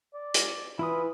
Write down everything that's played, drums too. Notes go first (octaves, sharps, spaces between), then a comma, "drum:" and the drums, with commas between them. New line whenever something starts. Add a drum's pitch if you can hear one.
D5
drum: hi-hat
E3 E4 F4 B4 D#6